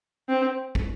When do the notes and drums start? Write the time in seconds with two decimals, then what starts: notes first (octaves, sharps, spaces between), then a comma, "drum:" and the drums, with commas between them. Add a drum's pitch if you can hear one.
0.29 C4
0.75 drum: kick